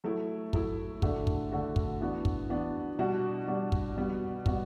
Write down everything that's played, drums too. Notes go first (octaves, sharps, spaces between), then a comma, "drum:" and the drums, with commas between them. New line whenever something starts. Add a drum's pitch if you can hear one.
F#3 A3 E4
F#3 A3 E4, drum: kick
D3 A3 D4 F#4, drum: kick
drum: kick
D3 A3 D4 F#4
drum: kick
E3 B3 D4 F#4
drum: kick
E3 B3 D4 F#4
B2 G3 D4 F#4
B2 G3 D4 F#4
drum: kick
B2 G3 B3 F#4
B2 G3 B3 F#4, drum: kick